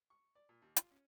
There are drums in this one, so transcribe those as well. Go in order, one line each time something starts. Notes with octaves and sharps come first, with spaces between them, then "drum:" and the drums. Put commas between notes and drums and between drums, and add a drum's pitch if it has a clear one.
C#6
D5
A#2
D#2
F4, drum: hi-hat
C#4